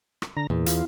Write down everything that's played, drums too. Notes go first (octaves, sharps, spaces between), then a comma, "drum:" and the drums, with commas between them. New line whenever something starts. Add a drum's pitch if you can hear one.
drum: rim click
D3 A#5
E2 A#2
F4, drum: hi-hat